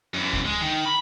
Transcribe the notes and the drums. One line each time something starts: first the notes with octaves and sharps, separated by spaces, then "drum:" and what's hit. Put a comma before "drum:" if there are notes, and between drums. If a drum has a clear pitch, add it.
F#2 E3
drum: kick D2
G#3
D#3
B5